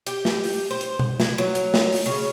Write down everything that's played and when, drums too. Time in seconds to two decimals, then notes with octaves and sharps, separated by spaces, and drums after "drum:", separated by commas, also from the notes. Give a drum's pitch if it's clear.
0.07 G4, drum: hi-hat
0.25 drum: snare
0.44 drum: open hi-hat
0.71 C5
0.81 drum: hi-hat
0.99 drum: tom
1.20 E3, drum: snare
1.38 F#3
1.55 drum: hi-hat
1.74 drum: snare
1.92 drum: open hi-hat
2.06 C#3